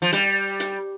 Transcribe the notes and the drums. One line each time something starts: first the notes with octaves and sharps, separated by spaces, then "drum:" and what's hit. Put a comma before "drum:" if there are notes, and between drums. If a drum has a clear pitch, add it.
F3
G3, drum: hi-hat
drum: hi-hat